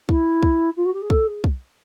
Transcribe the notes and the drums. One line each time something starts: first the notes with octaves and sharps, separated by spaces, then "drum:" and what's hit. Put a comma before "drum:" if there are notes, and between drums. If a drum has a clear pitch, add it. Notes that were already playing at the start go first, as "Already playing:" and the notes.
E4, drum: kick
drum: kick
F4
F#4
G4
G#4
A4, drum: kick
G#4
drum: kick